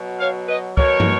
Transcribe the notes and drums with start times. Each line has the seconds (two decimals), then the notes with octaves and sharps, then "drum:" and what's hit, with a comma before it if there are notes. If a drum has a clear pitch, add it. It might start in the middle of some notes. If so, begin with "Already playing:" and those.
Already playing: B2 F#3
0.19 C#5 F5
0.48 B4 D#5
0.77 B2 F#3 A#4 C#5, drum: kick
1.00 drum: tom